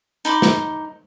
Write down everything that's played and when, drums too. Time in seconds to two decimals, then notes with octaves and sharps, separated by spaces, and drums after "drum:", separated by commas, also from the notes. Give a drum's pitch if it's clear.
0.25 D#4 B5 C6 D6
0.42 drum: snare